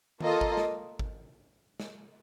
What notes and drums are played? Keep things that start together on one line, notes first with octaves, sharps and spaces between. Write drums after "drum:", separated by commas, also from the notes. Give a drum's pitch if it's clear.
A#3 F4 A4 D#5, drum: tom D#3
drum: kick G#1
drum: snare
drum: kick G#1
drum: snare